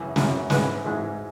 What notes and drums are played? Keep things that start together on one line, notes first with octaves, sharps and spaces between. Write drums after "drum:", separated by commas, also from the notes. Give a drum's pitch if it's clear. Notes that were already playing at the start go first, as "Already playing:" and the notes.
Already playing: F#2 C#3 E3
F#2 C#3 E3, drum: snare
G#2 E3 G#3 B4, drum: snare
G#2 E3 G#3